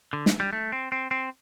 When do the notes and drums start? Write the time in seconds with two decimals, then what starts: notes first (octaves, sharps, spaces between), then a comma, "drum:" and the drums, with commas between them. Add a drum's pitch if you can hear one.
0.13 D3
0.26 drum: snare
0.40 G3
0.53 A3
0.72 C4
0.92 C4
1.11 C4